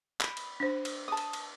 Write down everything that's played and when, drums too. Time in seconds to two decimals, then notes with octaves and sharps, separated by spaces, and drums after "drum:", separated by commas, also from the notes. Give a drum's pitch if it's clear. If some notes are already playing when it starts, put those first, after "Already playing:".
0.21 B5, drum: clap
0.37 drum: cymbal
0.60 D4 C5
0.85 drum: cymbal
1.08 A5 D#6
1.17 drum: cymbal
1.33 drum: cymbal